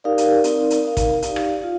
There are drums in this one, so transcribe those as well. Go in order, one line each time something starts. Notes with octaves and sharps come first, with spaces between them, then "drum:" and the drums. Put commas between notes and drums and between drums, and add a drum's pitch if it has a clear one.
D#4 G4 A#4 D5 F5
drum: hi-hat
C4 D#4 A#4 D5, drum: hi-hat
drum: hi-hat
D#4 A#4 F5
drum: kick, hi-hat
D#4 G4 D5 F5, drum: hi-hat
drum: rim click
F4 F5